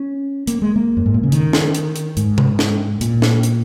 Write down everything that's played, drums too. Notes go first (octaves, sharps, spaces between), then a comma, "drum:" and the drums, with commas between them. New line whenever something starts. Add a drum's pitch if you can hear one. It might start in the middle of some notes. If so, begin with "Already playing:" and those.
Already playing: C#4
A#3, drum: hi-hat
G#3
A#3
F#2
G#2
A#2
C#3
D#3, drum: hi-hat
drum: snare
drum: hi-hat
drum: hi-hat
G#2, drum: hi-hat
drum: tom C3
drum: snare
A#2, drum: hi-hat
drum: snare
drum: hi-hat